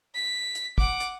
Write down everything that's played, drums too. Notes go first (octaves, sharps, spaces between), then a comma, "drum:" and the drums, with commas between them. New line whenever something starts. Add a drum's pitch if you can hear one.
B6
drum: hi-hat
F#5 D6, drum: kick
drum: hi-hat